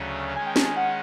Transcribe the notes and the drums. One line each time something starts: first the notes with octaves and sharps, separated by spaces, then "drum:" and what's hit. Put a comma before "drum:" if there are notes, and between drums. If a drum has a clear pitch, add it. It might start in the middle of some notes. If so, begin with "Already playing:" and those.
Already playing: D2 C#3 F#3 A3 C#4
D#3 G#3 C#4 G#5
G5
A5, drum: snare
G#5
F#5